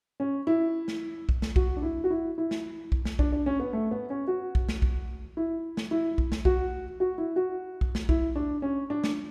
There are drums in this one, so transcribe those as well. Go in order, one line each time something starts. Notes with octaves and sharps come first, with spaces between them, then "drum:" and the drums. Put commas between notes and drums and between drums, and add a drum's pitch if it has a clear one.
C#4
E4
drum: snare
drum: kick
drum: snare
F#4, drum: kick
D4
E4
F#4
E4
E4
drum: snare
drum: kick
drum: snare
D4, drum: kick
D4
C#4
B3
A3
B3
C#4
F#4
drum: kick
drum: snare
drum: kick
E4
drum: snare
E4
drum: kick
drum: snare
F#4, drum: kick
F#4
E4
F#4
drum: kick
drum: snare
E4, drum: kick
D4
C#4
D4
drum: snare